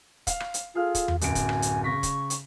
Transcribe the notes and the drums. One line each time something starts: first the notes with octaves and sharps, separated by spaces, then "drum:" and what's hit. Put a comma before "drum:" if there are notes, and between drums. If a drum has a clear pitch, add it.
F5, drum: kick, hi-hat
drum: rim click
drum: hi-hat
F4 G#4 A4 F6
drum: kick, hi-hat
drum: tom E2
D1 F#2 G#5 D7, drum: hi-hat
drum: kick, hi-hat
drum: rim click
drum: hi-hat
C#3 C#6 A#6 B6
drum: kick, hi-hat
drum: hi-hat